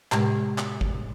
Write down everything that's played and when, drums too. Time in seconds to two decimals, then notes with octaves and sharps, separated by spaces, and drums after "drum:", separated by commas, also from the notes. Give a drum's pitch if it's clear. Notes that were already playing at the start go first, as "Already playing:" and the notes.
0.12 A2 C3 G#3, drum: clap
0.58 drum: clap
0.81 drum: kick